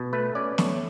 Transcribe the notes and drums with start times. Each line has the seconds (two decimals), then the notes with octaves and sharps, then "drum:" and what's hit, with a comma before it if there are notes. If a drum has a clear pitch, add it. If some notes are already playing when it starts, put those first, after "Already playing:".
Already playing: B2
0.13 A3 B4
0.35 C#4 D5
0.58 A3 C#5, drum: snare